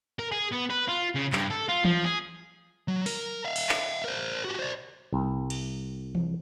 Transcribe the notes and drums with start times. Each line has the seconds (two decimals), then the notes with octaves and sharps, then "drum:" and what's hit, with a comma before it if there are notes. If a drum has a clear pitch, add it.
0.19 A#4
0.32 G#4
0.52 B3
0.70 B4
0.88 F4
1.15 C#3
1.33 G2, drum: clap
1.50 A4
1.69 F4
1.85 F3, drum: tom E3
2.04 G#4
2.88 F#3
3.06 A#4, drum: open hi-hat
3.45 E5 F5
3.56 drum: cymbal
3.69 drum: clap
4.05 A#4 C5
4.45 F#4 G4
4.59 C5 D5
5.13 C2
5.50 drum: cymbal
6.15 drum: tom E3